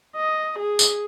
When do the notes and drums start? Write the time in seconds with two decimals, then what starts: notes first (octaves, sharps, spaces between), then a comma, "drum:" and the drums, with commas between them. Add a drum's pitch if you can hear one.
0.16 D#5
0.59 G#4
0.79 drum: tambourine